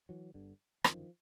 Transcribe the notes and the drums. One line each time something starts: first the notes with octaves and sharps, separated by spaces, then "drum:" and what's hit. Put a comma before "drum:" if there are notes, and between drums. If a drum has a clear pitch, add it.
E3 F#3
G1 G2 D3
G1 F#2 D3 D#3 F3, drum: rim click